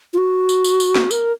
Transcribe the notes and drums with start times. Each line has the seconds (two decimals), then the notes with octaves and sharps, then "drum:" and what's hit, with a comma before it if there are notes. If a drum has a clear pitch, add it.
0.13 F4
0.18 F#4
0.49 drum: tambourine
0.64 drum: tambourine
0.80 drum: tambourine
0.95 drum: snare
1.11 A#4, drum: tambourine